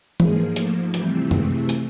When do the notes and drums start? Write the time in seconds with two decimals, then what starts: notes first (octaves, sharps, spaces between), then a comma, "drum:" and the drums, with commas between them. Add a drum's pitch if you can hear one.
0.20 G#2 F3 G#3 A#3 G#4, drum: tom E3
0.56 A3 A4, drum: hi-hat
0.94 C3 E3 G3 A3 C4 G4, drum: hi-hat
1.31 G#3 G#4, drum: tom F#2
1.69 drum: hi-hat